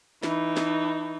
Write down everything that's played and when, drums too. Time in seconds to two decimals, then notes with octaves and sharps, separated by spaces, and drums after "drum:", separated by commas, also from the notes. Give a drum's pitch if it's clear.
0.23 E3 D#4, drum: snare
0.57 drum: snare